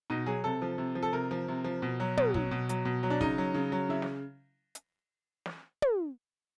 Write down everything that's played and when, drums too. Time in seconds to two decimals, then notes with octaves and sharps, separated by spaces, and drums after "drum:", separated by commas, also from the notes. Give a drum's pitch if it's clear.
0.10 B2 D#4
0.26 F#3 G#4
0.44 C3 A4
0.62 F3
0.78 C3
0.95 F3
1.03 A4
1.13 C3 A#4
1.31 F3
1.48 C3
1.64 F3
1.82 B2
2.00 F#3
2.17 B2, drum: tom
2.34 F#3, drum: kick
2.51 B2
2.69 F#3, drum: hi-hat
2.85 B2
3.03 F#3
3.10 D4
3.21 C#3 D#4, drum: kick
3.38 F#3
3.54 C#3
3.72 F#3
3.89 C#3 E4
4.02 drum: snare
4.75 drum: hi-hat
5.46 drum: snare
5.82 drum: tom